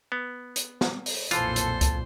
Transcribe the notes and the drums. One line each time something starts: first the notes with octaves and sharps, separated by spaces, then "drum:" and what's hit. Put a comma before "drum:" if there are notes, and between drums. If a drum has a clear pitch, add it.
B3
drum: hi-hat
drum: snare
drum: open hi-hat
B1 F2 A#2 E3 F4 A4 C5, drum: hi-hat
drum: hi-hat
drum: kick C#2, hi-hat